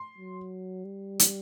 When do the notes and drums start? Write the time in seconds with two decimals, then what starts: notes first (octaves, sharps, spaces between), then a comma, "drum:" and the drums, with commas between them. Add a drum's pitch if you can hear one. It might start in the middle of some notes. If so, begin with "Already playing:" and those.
Already playing: C6
0.18 F#3
0.85 G3
1.19 drum: hi-hat